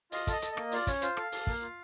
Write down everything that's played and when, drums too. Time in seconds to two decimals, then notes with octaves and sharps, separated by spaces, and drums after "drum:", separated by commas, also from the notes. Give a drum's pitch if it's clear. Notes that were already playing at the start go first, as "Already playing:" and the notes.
0.12 F4 D#5, drum: open hi-hat
0.27 A4 D#5, drum: kick, hi-hat
0.42 A4, drum: hi-hat
0.52 D#5
0.57 A#3, drum: rim click
0.72 F4 D5, drum: open hi-hat
0.87 C#4 C#5, drum: kick, hi-hat
1.02 F4 C5, drum: hi-hat
1.17 A4 F5, drum: rim click
1.32 A4, drum: open hi-hat
1.47 A#3, drum: kick
1.62 F4